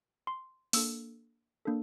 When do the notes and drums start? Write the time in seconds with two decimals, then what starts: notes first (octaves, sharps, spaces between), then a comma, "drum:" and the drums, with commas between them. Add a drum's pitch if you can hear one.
0.27 C6
0.73 A#3 D4 A4 E6, drum: open hi-hat
1.65 A#3 D4 A4